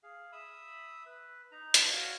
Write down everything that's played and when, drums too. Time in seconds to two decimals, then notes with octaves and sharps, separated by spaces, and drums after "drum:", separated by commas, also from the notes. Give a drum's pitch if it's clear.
0.03 G#4 F5
0.32 E5 B5 D#6 E6
1.06 B4
1.52 D#4 A#5
1.74 drum: hi-hat
1.88 F4 F#4 C#5